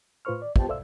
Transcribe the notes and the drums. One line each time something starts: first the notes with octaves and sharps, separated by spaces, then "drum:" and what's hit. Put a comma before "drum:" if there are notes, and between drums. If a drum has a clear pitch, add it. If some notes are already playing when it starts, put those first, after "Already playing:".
A2 F4 B4 C5 C#6 F6
D5
B3 F4 G4 C5 G5 A5, drum: kick
A4 C5 D5 E5 F5 E6